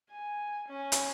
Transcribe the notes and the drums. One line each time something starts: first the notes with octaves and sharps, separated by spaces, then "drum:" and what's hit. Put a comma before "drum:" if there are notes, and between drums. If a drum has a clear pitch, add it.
G#5
C#4
drum: hi-hat